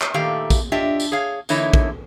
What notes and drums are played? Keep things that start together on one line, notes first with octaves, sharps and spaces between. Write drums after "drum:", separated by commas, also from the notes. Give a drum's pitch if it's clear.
drum: clap
A#2 D#3 A3 G4 F5
drum: kick A#1, tambourine
D4 F4 G4 D#5 E5
drum: tambourine
G#4 C#5 F5
D3 E3 A#3 D#4 E4 C#5, drum: tambourine
drum: kick A#1